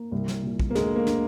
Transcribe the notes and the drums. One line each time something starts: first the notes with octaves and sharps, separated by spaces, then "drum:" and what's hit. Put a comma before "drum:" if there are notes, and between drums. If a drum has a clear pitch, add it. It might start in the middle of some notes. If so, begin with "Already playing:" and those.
Already playing: A#3
C2
drum: snare
A#2
drum: kick A#1
A#3
D2 G#3, drum: snare
A#3
D3, drum: snare